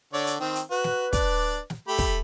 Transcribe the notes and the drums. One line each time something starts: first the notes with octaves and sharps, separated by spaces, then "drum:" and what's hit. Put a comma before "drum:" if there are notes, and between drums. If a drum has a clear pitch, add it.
D3 C#5 D5
drum: hi-hat
D#3 C4
drum: hi-hat
F#4 B4
drum: snare
D4 D5, drum: kick, hi-hat
drum: snare
A3 G4 B5
drum: kick, open hi-hat